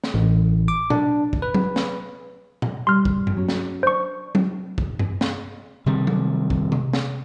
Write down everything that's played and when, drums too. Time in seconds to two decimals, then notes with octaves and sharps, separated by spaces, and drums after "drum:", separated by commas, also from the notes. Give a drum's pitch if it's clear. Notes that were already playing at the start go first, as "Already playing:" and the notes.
0.04 drum: snare
0.14 A1
0.68 D6
0.90 D4, drum: tom A#2
1.33 drum: kick
1.42 B4
1.54 drum: tom F#3
1.76 drum: snare
2.62 drum: tom A#2
2.87 G3 C6 F6
3.05 drum: kick
3.27 drum: tom G2
3.37 F#3 C#4
3.49 drum: snare
3.83 D4 C5 C#6
4.35 drum: tom F#3
4.78 drum: kick
4.99 drum: tom G2
5.21 drum: snare
5.86 C3 D#3 G3
6.07 drum: tom F#3
6.50 drum: kick
6.72 drum: tom C3
6.93 drum: snare